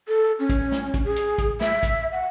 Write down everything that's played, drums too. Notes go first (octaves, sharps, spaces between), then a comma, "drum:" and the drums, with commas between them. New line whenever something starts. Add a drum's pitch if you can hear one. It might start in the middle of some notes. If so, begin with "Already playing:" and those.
A4
C#4
drum: kick, hi-hat
drum: snare
drum: kick, hi-hat
G#4
drum: hi-hat
drum: kick, hi-hat
E5, drum: snare
drum: kick, hi-hat
F#5